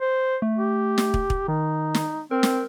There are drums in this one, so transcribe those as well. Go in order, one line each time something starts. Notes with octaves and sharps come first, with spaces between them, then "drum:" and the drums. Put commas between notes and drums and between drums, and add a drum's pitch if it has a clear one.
C5
A3
G4
drum: snare
drum: kick
drum: kick
D#3 D#4
drum: snare
C4 A#4
drum: snare